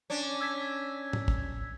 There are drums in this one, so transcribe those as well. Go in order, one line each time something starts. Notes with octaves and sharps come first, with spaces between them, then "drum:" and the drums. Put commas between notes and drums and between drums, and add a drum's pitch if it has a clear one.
C#4 D4
E6 G#6 B6
drum: tom A2
drum: kick